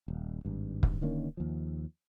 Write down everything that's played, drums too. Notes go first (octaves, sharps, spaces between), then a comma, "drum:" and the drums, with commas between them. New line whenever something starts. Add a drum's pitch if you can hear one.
D#1
G#1 G2
drum: kick
D3 D#3 A#3 C#4
D#2 F3